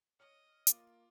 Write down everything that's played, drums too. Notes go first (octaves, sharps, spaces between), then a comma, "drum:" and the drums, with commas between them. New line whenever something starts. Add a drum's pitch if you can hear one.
C#5 D#5 F6 C#7
A#3 F4 D6, drum: hi-hat